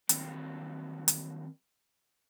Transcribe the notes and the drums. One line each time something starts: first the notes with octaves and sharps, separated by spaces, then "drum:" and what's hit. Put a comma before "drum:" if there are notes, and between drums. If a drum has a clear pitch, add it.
D#3 F#3 G3 A#3 C4, drum: hi-hat
drum: hi-hat